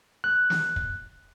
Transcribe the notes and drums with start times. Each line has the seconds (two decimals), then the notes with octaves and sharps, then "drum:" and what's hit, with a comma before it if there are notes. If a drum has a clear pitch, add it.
0.24 F#6
0.50 drum: snare
0.76 drum: kick